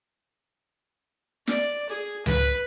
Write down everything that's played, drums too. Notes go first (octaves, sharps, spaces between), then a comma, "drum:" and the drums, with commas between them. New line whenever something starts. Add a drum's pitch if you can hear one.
D5, drum: snare
G#4
B4, drum: tom C#2